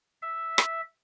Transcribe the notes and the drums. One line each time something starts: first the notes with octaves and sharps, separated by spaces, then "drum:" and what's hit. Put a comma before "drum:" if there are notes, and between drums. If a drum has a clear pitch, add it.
E5
drum: rim click